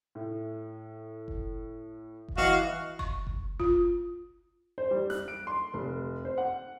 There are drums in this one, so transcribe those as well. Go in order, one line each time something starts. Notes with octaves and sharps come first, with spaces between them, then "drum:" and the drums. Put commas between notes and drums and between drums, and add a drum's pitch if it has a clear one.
A2
drum: kick F#1
drum: kick F#1
E3 F#4 D#5 F5 E7
C#6, drum: kick F#1
drum: kick F#1
F4, drum: kick F#1
C5
G3
F#6, drum: snare
D7
C6
F1
C5
F#5